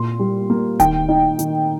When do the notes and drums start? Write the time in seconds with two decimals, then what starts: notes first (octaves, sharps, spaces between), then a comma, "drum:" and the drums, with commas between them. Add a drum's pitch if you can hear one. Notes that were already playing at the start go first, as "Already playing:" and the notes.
Already playing: A#2 C6
0.19 G3
0.50 A#3
0.80 D#3 G5, drum: kick D1, hi-hat
1.09 D#4
1.39 D#3, drum: hi-hat